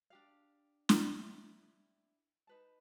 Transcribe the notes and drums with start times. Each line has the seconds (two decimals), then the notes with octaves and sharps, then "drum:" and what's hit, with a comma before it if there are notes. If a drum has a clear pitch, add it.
0.10 D4 G4 F5
0.89 drum: snare
1.19 D4 E4 G4
2.47 D#4 B4 A5